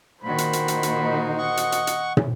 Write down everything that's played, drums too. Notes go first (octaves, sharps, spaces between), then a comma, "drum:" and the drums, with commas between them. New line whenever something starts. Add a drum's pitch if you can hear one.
A#2 D#3 F#4 C5 B5
drum: hi-hat
drum: hi-hat
drum: hi-hat
drum: hi-hat
D#4
D#5 F#5 C#6
drum: hi-hat
drum: hi-hat
drum: hi-hat
drum: tom